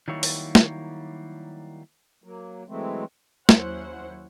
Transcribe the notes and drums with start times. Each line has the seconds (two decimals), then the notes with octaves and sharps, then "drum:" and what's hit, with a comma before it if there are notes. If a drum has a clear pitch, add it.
0.08 D#3 F#3 G3 A#3 E4 C#5
0.23 drum: open hi-hat
0.55 drum: snare
2.24 F#3 A#3
2.68 E3 F#3 G#3 A3 C4
3.49 D#2 F#3 C#4 E4 C5 F#5, drum: snare